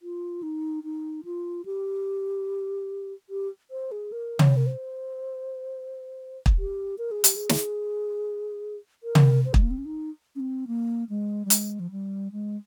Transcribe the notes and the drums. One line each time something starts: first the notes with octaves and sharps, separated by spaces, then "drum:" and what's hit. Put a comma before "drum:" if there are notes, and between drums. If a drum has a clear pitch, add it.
F4
D#4
D#4
F4
G4
G4
C5
G#4
A#4
C#5, drum: tom
A#4
C5
drum: kick
G4
A#4
G#4
G4, drum: hi-hat
G#4
drum: snare
A#4
drum: tom
C5
G#3, drum: kick
A#3
C4
C#4
D#4
C#4
C4
A#3
G#3
G3
G#3, drum: hi-hat
F3
G3
G#3